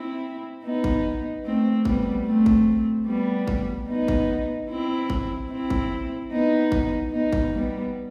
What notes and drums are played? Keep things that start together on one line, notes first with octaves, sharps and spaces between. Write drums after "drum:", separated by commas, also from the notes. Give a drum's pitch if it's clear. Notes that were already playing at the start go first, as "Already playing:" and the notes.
Already playing: C4 E4
B3 D#4
drum: kick G#1
A3 C4
G3 B3, drum: kick G#1
A3 C4
drum: kick G#1
G3 B3
drum: kick G#1
B3 D#4
drum: kick G#1
C4 E4
drum: kick G#1
C4 E4
drum: kick G#1
B3 D#4
drum: kick G#1
B3 D#4
drum: kick G#1
G3 B3